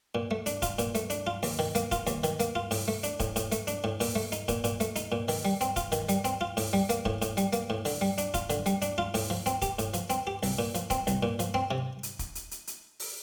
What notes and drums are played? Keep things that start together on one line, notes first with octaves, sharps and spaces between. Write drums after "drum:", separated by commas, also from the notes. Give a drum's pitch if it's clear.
A#2
A3
D4, drum: hi-hat
F4, drum: kick, hi-hat
A#2, drum: hi-hat
A3, drum: hi-hat
D4, drum: hi-hat
F4
D#2, drum: open hi-hat
D#3
A#3, drum: hi-hat
F4, drum: kick, hi-hat
D#2, drum: hi-hat
D#3, drum: hi-hat
A#3, drum: hi-hat
F4
A2, drum: open hi-hat
A3
D4, drum: hi-hat
A2, drum: kick, hi-hat
A2, drum: hi-hat
A3, drum: hi-hat
D4, drum: hi-hat
A2
A#2, drum: open hi-hat
A3
D#4, drum: hi-hat
A#2, drum: kick, hi-hat
A#2, drum: hi-hat
A3, drum: hi-hat
D#4, drum: hi-hat
A#2
D#3, drum: open hi-hat
G3
C4, drum: hi-hat
F4, drum: kick, hi-hat
D#3, drum: hi-hat
G3, drum: hi-hat
C4, drum: hi-hat
F4
A2, drum: open hi-hat
G3
A#3, drum: hi-hat
A2, drum: kick
A2, drum: hi-hat
G3, drum: hi-hat
A#3, drum: hi-hat
A2
D3, drum: open hi-hat
G3
D4, drum: hi-hat
F4, drum: kick, hi-hat
D3, drum: hi-hat
G3, drum: hi-hat
D4, drum: hi-hat
F4
A2, drum: open hi-hat
F3
C4, drum: hi-hat
G4, drum: kick, hi-hat
A2, drum: hi-hat
F3, drum: hi-hat
C4, drum: hi-hat
G4
C2, drum: open hi-hat
A#2
F3, drum: hi-hat
C4, drum: kick, hi-hat
C2, drum: hi-hat
A#2
F3, drum: hi-hat
C4
C3
drum: hi-hat
drum: kick, hi-hat
drum: hi-hat
drum: hi-hat
drum: hi-hat
drum: open hi-hat